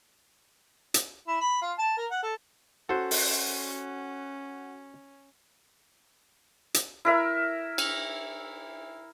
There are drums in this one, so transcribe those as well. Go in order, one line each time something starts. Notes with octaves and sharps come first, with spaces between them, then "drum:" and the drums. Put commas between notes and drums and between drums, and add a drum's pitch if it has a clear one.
drum: hi-hat
E4
B5
F4
A5
A#4
F#5
A4
C#4 F#4 A4 C5
drum: open hi-hat
drum: hi-hat
E4 A#4 E5
drum: cymbal